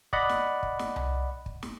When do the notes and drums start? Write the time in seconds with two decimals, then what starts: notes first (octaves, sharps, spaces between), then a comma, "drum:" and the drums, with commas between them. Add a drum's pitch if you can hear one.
0.13 D5 D#5 F#5 B5, drum: kick
0.29 drum: snare
0.63 drum: kick
0.79 drum: snare
0.96 drum: tom C2
1.46 drum: kick
1.63 drum: snare